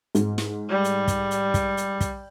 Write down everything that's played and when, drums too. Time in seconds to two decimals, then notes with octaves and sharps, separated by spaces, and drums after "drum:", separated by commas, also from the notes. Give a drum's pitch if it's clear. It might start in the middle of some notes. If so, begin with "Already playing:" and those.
0.15 G#2, drum: hi-hat
0.38 drum: snare
0.69 G3
0.84 drum: hi-hat
1.08 drum: kick, hi-hat
1.31 drum: hi-hat
1.54 drum: kick, hi-hat
1.77 drum: hi-hat
2.00 drum: kick, hi-hat